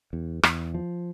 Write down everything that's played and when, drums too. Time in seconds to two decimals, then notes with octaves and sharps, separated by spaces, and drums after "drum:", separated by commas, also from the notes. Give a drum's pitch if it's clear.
0.13 E2
0.43 E2, drum: rim click
0.74 F3